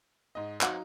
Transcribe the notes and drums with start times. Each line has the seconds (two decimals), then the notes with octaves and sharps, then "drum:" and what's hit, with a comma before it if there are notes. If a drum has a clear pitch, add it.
0.35 G#2 D#5
0.61 F#3 C4 D#4 F5 F#5, drum: clap